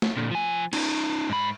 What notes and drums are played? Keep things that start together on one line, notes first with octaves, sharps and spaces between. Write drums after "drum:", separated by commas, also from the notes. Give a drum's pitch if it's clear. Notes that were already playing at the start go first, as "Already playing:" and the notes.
drum: snare
A#2 D3
F3 G#5
C#4 D#4, drum: cymbal
G#2 B5